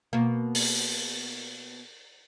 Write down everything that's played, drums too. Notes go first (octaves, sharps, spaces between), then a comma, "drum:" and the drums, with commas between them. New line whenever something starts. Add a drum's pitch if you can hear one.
B2 A#3
drum: open hi-hat